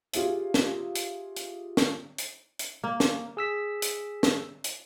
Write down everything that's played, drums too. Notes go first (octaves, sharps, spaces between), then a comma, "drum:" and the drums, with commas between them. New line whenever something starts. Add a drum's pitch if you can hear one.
F4 G4 G#4 C#5 E5, drum: hi-hat
drum: snare
drum: hi-hat
drum: hi-hat
drum: snare
drum: hi-hat
drum: hi-hat
A#3
drum: snare
G#4 E6 B6
drum: hi-hat
drum: snare
drum: hi-hat